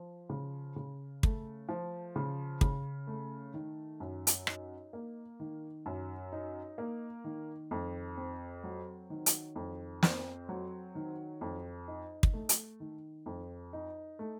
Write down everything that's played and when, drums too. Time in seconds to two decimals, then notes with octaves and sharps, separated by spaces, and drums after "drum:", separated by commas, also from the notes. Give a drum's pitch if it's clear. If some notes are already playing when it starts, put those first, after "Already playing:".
Already playing: F3
0.30 C#3
0.76 C#3
1.23 A3, drum: kick
1.69 F3
2.16 C#3
2.61 C#3, drum: kick
3.07 A3
3.54 D#3
4.00 F#2
4.27 drum: hi-hat
4.47 D#4, drum: rim click
4.93 A#3
5.40 D#3
5.86 F#2
6.32 D#4
6.78 A#3
7.24 D#3
7.71 F2
8.17 C4
8.64 F#3
9.10 D#3
9.26 drum: hi-hat
9.56 F2
10.03 C4, drum: snare
10.49 F#3
10.95 D#3
11.41 F2
11.88 D#4
12.23 drum: kick
12.33 A3
12.49 drum: hi-hat
12.80 D#3
13.26 F2
13.73 D#4
14.19 A3